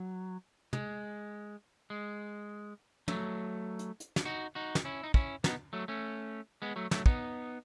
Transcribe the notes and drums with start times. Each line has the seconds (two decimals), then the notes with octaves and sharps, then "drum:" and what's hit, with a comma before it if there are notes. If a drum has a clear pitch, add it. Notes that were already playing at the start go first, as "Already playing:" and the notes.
Already playing: F#3
0.73 G#3, drum: tom
1.90 G#3
3.08 F#3 A3, drum: tom
3.79 drum: hi-hat
4.00 drum: hi-hat
4.16 drum: snare
4.25 D#4 F#4
4.55 D#4 F#4
4.75 drum: snare
4.85 C#4 E4
5.04 D#4
5.14 C#4 E4, drum: kick
5.44 B3 D#4, drum: snare
5.73 F#3 A3
5.88 A3 C#4
6.62 G#3 B3
6.76 F#3 A3
6.91 F#3 A3, drum: snare
7.06 B3 D#4, drum: kick